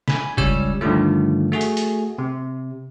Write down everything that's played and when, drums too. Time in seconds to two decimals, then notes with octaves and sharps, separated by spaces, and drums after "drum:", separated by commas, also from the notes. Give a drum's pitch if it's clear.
0.08 G#5 B5, drum: snare
0.37 C#2 G3 C#4 C#5 E6, drum: kick
0.81 G2 D3 D#3 F3 A3
1.52 A3 F#4 G#4
1.61 drum: hi-hat
1.77 drum: hi-hat
2.18 C3